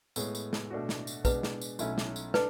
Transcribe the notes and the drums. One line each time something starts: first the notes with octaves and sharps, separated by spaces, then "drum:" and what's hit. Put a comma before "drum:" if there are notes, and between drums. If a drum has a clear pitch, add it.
A2 G#3 B3, drum: tambourine
drum: tambourine
drum: snare
B2 A3 D4 F#4
drum: snare
drum: tambourine
B2 G#3 D4 B4, drum: kick, tambourine
drum: snare
drum: tambourine
B1 B2 A3 C#4 E4, drum: tambourine
drum: snare
drum: tambourine
D4 A4 B4, drum: snare